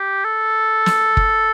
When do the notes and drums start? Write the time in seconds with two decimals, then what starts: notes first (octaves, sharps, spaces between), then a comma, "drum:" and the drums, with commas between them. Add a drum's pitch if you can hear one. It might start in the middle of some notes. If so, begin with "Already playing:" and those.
Already playing: G4
0.25 A4
0.86 drum: snare
1.17 drum: kick